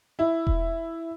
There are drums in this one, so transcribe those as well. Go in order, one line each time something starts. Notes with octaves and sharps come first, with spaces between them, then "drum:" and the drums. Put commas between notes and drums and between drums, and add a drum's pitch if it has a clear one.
E4
drum: kick E1